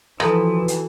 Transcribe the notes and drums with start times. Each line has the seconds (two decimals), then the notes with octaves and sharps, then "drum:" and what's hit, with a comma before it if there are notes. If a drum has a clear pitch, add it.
0.20 E3 F3 D#4 F#4 A4 B4, drum: rim click
0.68 drum: hi-hat